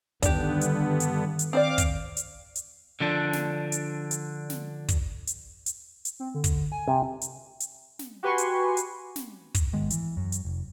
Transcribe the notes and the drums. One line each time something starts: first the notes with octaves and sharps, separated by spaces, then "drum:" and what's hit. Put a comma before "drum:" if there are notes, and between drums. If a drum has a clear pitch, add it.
G2 D3 D#3 B3 D4 G4, drum: kick, hi-hat
drum: hi-hat
drum: hi-hat
drum: hi-hat
C4 C5 D5 F5 D6
drum: kick, hi-hat
drum: hi-hat
drum: hi-hat
D3 F3 D4
drum: snare
drum: hi-hat
drum: hi-hat
drum: snare
drum: kick, hi-hat
drum: hi-hat
drum: hi-hat
drum: hi-hat
C4
D3
drum: kick, hi-hat
G#5
C3
drum: hi-hat
drum: hi-hat
drum: snare
F#4 G4 B4 G#5 C6 C#6
drum: hi-hat
drum: hi-hat
drum: snare
drum: kick, hi-hat
G#1 D#3 G#3 B3
E3, drum: hi-hat
F#2
drum: hi-hat
F1